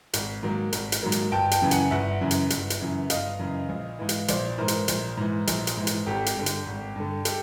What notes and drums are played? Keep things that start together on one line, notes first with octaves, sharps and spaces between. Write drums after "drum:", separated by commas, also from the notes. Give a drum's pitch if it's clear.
G#1, drum: hi-hat
G#2 D#3 F#3 A#3
G#1, drum: hi-hat
drum: hi-hat
G#2 D#3 F#3 A#3
drum: hi-hat
G1 G5 A5
G5 A5, drum: hi-hat
F#2 C#3 E3
F#5 G#5, drum: hi-hat
G1 E5 F#5
F#2 C#3 E3
drum: hi-hat
G1, drum: hi-hat
drum: hi-hat
F#2 C#3 E3
G1 D#5 F5, drum: hi-hat
F#2 C#3 E3
A#1
G#2 E3
drum: hi-hat
A#1 C5 D5, drum: hi-hat
G#2 E3 A#4 C5
drum: hi-hat
A#1, drum: hi-hat
G#2 E3
A#1, drum: hi-hat
drum: hi-hat
G#2 E3
drum: hi-hat
G#1 G4 A4
drum: hi-hat
G2 D3
drum: hi-hat
G#1
G2 D3
G4 A4, drum: hi-hat